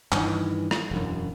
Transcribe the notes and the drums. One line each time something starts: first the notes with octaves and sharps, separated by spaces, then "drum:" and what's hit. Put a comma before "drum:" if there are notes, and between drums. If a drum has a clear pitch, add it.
G2 D#3 E3, drum: clap
drum: rim click
E1 F#2